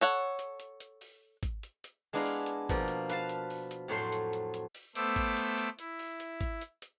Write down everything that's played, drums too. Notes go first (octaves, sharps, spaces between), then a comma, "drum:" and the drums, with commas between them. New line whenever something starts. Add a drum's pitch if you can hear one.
A4 C#5 F#5
drum: hi-hat
drum: hi-hat
drum: hi-hat
drum: open hi-hat
drum: kick G#1, hi-hat
drum: hi-hat
drum: hi-hat
G#3 B3 D4 E4 F5 A#5
drum: open hi-hat
drum: hi-hat
B2 F3 A#3, drum: kick G#1, hi-hat
drum: hi-hat
B4 F5 A5, drum: hi-hat
drum: hi-hat
drum: open hi-hat
drum: hi-hat
F2 A2 F#3 A3 C5 C6
drum: hi-hat
drum: hi-hat
drum: hi-hat
drum: open hi-hat
A3 B3 C5 D6 E6, drum: hi-hat
drum: kick G#1, hi-hat
drum: hi-hat
drum: hi-hat
E4, drum: hi-hat
drum: open hi-hat
drum: hi-hat
drum: kick G#1, hi-hat
drum: hi-hat
drum: hi-hat